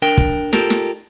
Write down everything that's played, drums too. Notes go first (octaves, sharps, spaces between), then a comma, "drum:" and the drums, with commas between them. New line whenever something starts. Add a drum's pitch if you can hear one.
D4 A#4 G5
drum: kick
F4 G4 A4 A#4, drum: snare
drum: snare